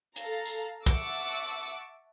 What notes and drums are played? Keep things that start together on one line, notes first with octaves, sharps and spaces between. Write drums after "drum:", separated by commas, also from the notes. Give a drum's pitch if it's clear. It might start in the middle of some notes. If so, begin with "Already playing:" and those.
A4 F5 A#5, drum: hi-hat
drum: tambourine
E5 F#5 A5 C#6 D6 E6, drum: kick